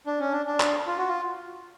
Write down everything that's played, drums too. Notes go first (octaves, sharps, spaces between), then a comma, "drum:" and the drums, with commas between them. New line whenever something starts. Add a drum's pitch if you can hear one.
D4
C#4
D4
D4
drum: clap
F4
F#4
F4